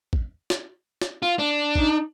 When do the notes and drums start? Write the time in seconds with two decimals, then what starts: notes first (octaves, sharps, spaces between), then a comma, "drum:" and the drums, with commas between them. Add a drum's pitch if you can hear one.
0.13 drum: kick
0.50 drum: snare
1.02 drum: snare
1.22 F4
1.39 D4
1.75 D#4, drum: kick